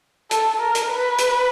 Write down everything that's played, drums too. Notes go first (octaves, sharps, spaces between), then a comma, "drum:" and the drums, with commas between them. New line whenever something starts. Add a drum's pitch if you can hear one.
A4, drum: hi-hat
A#4
drum: hi-hat
B4
drum: hi-hat